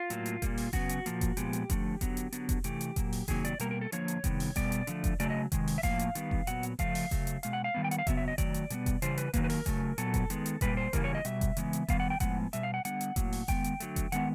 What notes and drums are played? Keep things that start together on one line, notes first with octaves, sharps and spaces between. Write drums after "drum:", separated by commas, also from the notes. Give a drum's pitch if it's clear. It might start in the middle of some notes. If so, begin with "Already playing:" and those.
Already playing: F4
A2 F#3 A#3, drum: hi-hat
drum: hi-hat
A#2 G3 A#3, drum: kick F1, hi-hat
drum: open hi-hat
C#3 F#3 B3 F#4, drum: kick F1, hi-hat
drum: hi-hat
A#2 F3 A#3, drum: hi-hat
drum: kick F1, hi-hat
A#2 F3 G#3 B3 G4, drum: hi-hat
drum: hi-hat
D3 F3 A3, drum: kick F1, hi-hat
D3 F#3 B3, drum: kick F1, hi-hat
drum: hi-hat
D3 F#3 B3, drum: hi-hat
drum: kick F1, hi-hat
C3 E3 A3 G4, drum: hi-hat
drum: hi-hat
A#2 F#3 A#3, drum: kick F1, hi-hat
drum: open hi-hat
C3 D#3 F#3 A#3 G#4, drum: kick F1, hi-hat
D5, drum: hi-hat
B2 G3 A#3 A#4, drum: hi-hat
A#4
A4
D3 F3 A#3 C#5, drum: hi-hat
drum: hi-hat
C3 D#3 G3 B3, drum: kick F1, hi-hat
drum: open hi-hat
B2 G3 B3 D5, drum: kick F1, hi-hat
drum: hi-hat
D3 F3 A3, drum: hi-hat
drum: kick F1, hi-hat
C#3 F#3 A3 D5, drum: hi-hat
D#5
C3 D#3 G#3, drum: kick F1, hi-hat
drum: open hi-hat
E5
A2 F3 A#3 F5, drum: kick F1, hi-hat
drum: hi-hat
D#3 G3 B3, drum: hi-hat
drum: kick F1
A#2 F#3 B3 F#5, drum: hi-hat
drum: hi-hat
C#3 F3 A3 F5, drum: kick F1, hi-hat
drum: open hi-hat
C#3 F#3 A3, drum: kick F1, hi-hat
drum: hi-hat
B2 G#3 F5, drum: hi-hat
F#5
F5
D#3 G3 B3
G5
F#5, drum: hi-hat
F5
C#3 F#3 B3 E5, drum: kick F1, hi-hat
E5
D#5
D#3 F#3 A3 D5, drum: kick F1, hi-hat
drum: hi-hat
B2 G3 B3, drum: hi-hat
drum: kick F1, hi-hat
C#3 E3 G3 C5, drum: hi-hat
B4, drum: hi-hat
D#3 F#3 A#3 B4, drum: kick F1, hi-hat
B4
A#4, drum: open hi-hat
C#3 F#3 A3, drum: kick F1, hi-hat
A#2 F#3 B3 A4, drum: hi-hat
drum: kick F1, hi-hat
D#3 G#3 B3, drum: hi-hat
drum: hi-hat
A#2 G3 A#3 B4, drum: kick F1, hi-hat
C5
C#3 E3 G3 A#3 A#4, drum: kick F1, hi-hat
C#5
D#5
B2 G3 E5, drum: hi-hat
drum: kick F1, hi-hat
C#3 E3 G#3 B3, drum: hi-hat
drum: hi-hat
D#3 G3 B3 F5, drum: kick F1, hi-hat
F#5
G5
A2 F3 G#3 B3 F#5, drum: kick F1, hi-hat
B2 G3 E5, drum: hi-hat
F5
F#5
D3 G3 B3 F#5, drum: hi-hat
drum: hi-hat
A2 F#3 A#3, drum: kick F1, hi-hat
drum: open hi-hat
D#3 G#3 B3 G5, drum: kick F1, hi-hat
drum: hi-hat
D3 F#3 A3, drum: hi-hat
drum: kick F1, hi-hat
D#3 G#3 B3 F#5, drum: hi-hat